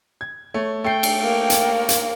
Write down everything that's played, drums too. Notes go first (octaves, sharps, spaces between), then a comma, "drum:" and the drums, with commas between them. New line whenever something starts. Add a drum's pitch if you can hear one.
G#6
A3 C#5
A3 G5 C7
drum: cymbal
A#3
drum: hi-hat
drum: hi-hat